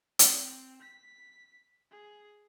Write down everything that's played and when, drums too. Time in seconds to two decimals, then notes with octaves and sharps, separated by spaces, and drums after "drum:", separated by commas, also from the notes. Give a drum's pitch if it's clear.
0.19 C4, drum: hi-hat
0.81 B6
1.91 G#4